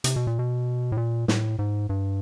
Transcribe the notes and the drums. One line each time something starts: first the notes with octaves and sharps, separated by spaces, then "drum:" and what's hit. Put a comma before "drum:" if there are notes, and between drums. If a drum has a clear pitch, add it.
C3, drum: hi-hat
B2
A#2
B2
A2
A#2
A2, drum: snare
G#2
G2